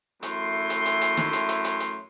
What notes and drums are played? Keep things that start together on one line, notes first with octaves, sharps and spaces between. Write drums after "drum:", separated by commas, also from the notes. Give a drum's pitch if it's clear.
F#2 E3 A3 C6, drum: hi-hat
drum: hi-hat
drum: hi-hat
drum: hi-hat
drum: snare
drum: hi-hat
drum: hi-hat
drum: hi-hat
drum: hi-hat